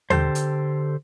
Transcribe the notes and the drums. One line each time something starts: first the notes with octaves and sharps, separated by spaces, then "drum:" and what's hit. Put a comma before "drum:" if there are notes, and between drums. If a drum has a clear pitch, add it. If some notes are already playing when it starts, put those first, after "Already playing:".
D3 G4 A4 C5, drum: tom D#2
drum: hi-hat